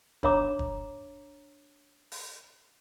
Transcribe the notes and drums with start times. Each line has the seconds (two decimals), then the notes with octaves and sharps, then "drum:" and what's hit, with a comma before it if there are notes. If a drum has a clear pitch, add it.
0.23 D4 C#5 E5 A#5 D6, drum: kick
0.59 drum: kick
2.12 drum: open hi-hat